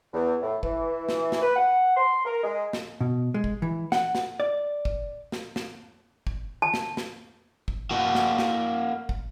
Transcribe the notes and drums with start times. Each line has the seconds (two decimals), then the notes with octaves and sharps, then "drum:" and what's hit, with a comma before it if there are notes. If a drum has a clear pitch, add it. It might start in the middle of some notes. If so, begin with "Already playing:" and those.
0.13 E2
0.42 A2
0.63 E3, drum: kick
1.09 drum: snare
1.32 drum: snare
1.42 B4
1.56 F#5
1.96 C6
2.25 A#4
2.44 G#3
2.73 drum: snare
3.01 B2
3.34 G#3
3.44 drum: kick
3.62 E3
3.92 F#5, drum: snare
4.15 drum: snare
4.40 D5
4.85 drum: kick
5.32 drum: snare
5.56 drum: snare
6.27 drum: kick
6.62 A5
6.74 drum: snare
6.97 drum: snare
7.68 drum: kick
7.91 A#3 F#4
8.15 drum: snare
8.38 drum: snare
9.09 drum: kick